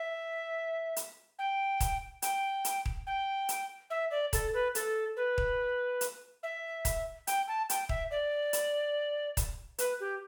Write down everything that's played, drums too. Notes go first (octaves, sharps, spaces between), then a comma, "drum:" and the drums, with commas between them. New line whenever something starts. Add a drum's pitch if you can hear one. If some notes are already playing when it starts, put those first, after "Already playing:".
Already playing: E5
drum: hi-hat
G5
drum: kick D#1, hi-hat
G5, drum: hi-hat
drum: hi-hat
drum: kick D#1
G5
drum: hi-hat
E5
D5
A4, drum: kick D#1, hi-hat
B4
A4, drum: hi-hat
B4
drum: kick D#1
drum: hi-hat
E5
drum: kick D#1, hi-hat
G5, drum: hi-hat
A5
G5, drum: hi-hat
E5, drum: kick D#1
D5
drum: hi-hat
drum: kick D#1, hi-hat
B4, drum: hi-hat
G4